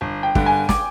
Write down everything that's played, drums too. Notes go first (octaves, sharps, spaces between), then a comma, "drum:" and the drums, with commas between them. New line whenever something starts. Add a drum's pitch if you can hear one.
G1
G5
G2 D3, drum: kick
G#5
D6, drum: snare